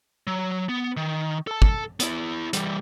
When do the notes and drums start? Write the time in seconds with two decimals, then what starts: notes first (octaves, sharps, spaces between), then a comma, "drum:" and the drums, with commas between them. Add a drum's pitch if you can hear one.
0.27 F#3
0.69 B3
0.97 D#3
1.47 A4 A5
1.62 drum: kick
2.00 B3 E4, drum: hi-hat
2.53 E3 G3, drum: hi-hat